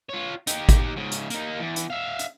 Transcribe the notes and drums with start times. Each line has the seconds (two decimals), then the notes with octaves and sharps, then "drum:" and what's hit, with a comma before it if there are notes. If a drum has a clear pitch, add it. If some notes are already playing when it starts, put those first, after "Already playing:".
0.09 F4 C#5
0.47 D#4 G4, drum: hi-hat
0.69 drum: kick G#1, hi-hat
0.97 G#2 C#3
1.12 drum: hi-hat
1.30 A#3 D#4, drum: hi-hat
1.59 E2
1.76 drum: hi-hat
1.90 E5 F5
2.19 drum: hi-hat